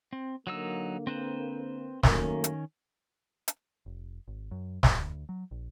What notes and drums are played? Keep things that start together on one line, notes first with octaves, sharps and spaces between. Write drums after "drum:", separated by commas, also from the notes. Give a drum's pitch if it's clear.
C4
D3 F#3 A#3 D#4 E6
C4 B4 C5
F#2 D#3 A3 A#3 C#4, drum: snare
drum: hi-hat
drum: hi-hat
F1
G#1
F#2
A#1, drum: snare
D2
F#3
A#1